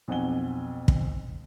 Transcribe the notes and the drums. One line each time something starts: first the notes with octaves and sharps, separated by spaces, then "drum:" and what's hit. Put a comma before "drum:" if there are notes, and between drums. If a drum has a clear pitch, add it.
B1 F2 F#5 G#5 G7
drum: kick